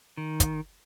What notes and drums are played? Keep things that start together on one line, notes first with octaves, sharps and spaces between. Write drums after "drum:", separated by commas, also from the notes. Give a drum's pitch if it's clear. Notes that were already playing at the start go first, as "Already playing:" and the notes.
D#3
drum: kick, hi-hat